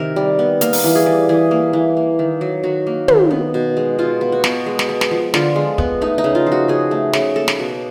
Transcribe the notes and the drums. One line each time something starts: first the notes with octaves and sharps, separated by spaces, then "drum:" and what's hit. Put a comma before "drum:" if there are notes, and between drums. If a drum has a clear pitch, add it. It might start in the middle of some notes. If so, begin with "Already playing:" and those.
Already playing: C3 D#3 A#4
G3
B3
A#3 A#4, drum: hi-hat
drum: open hi-hat
E3
G#4
G3
E3 G#4
A#3
E3
A#3
D#3
F#3
D#3 F#4
A#3
D#3, drum: tom
B3
B2
G#3
B2 F4
B3
F#4
B2, drum: snare
G#3
drum: snare
B3
drum: snare
F3
D3 F4, drum: snare
G#3
B3, drum: kick
A3 D#4
D#4
C#3
F4
F3
F#4
C#3 G#4
A3
C#3, drum: snare
A#3 A4
drum: snare
B2